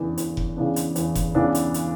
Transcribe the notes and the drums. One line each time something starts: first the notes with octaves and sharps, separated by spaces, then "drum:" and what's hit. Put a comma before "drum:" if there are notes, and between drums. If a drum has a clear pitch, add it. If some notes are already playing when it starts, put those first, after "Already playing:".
Already playing: E2 C#3 E3 B3 D4
E2, drum: hi-hat
drum: kick F1
C#3 E3 B3 D4
drum: hi-hat
E2, drum: hi-hat
drum: kick F1, hi-hat
C#3 E3 B3 D4
drum: hi-hat
drum: hi-hat